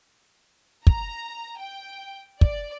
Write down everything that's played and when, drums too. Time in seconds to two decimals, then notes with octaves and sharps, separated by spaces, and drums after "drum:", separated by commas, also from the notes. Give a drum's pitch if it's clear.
0.87 A#5, drum: kick
1.61 G5
2.41 D5, drum: kick